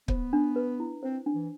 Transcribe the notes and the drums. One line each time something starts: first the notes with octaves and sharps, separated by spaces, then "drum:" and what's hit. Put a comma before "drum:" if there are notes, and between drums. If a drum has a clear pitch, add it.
B3 C5, drum: kick
D4
B4
E4
C4 C5
D4
E3